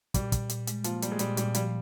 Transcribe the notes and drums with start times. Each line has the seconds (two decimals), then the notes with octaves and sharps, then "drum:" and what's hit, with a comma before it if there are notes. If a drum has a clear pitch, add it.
0.14 A#2 G3, drum: kick, hi-hat
0.32 A#2, drum: kick, hi-hat
0.49 A#2, drum: hi-hat
0.67 G#3, drum: hi-hat
0.84 F3 A#3, drum: hi-hat
1.02 G3 A#3, drum: hi-hat
1.12 G#3
1.19 A#2 G3, drum: hi-hat
1.37 A#2 G3, drum: hi-hat
1.54 F3 G3, drum: hi-hat